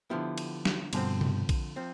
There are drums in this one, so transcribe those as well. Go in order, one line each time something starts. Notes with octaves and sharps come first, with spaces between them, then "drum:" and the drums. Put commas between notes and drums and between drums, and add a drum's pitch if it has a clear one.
D3 F3 B3 E4 G4
drum: cymbal
drum: snare
G2 B2 D3 F3 C4, drum: cymbal
drum: tom C3
drum: kick A#1, cymbal
F3 C4